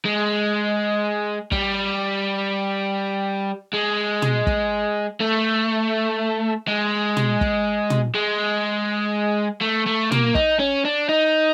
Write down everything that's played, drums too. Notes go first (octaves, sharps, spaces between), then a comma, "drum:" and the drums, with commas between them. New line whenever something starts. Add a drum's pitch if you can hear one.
G#3
G3, drum: kick
G#3
drum: tom
drum: kick
A3
G#3
drum: tom
drum: kick
drum: tom
G#3
A3
A3
A#3, drum: tom
D#4, drum: kick
C#4
D4
D#4